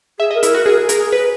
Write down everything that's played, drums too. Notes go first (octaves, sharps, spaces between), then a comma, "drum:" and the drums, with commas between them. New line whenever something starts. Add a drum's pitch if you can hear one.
G#4 E5
D#5
A#4
E4, drum: hi-hat
F#4 A#4
G#4 A#4
G#4
A#4, drum: hi-hat
G#4
B4